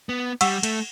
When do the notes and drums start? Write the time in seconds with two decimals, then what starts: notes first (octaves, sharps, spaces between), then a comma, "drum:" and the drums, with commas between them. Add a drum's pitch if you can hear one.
0.09 B3
0.41 G3 F#5 C#6 E6, drum: cymbal
0.63 A3, drum: cymbal